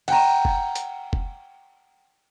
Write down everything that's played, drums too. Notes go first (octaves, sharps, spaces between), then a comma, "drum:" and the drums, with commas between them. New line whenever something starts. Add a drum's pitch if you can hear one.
F#5 G5 A#5, drum: cymbal
drum: kick F1
drum: hi-hat
drum: kick F1